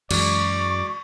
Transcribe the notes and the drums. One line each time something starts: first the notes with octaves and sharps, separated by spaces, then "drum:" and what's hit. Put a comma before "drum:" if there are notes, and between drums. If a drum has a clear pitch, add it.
F#2 E3 G#3 F#4 D5 C#6, drum: cymbal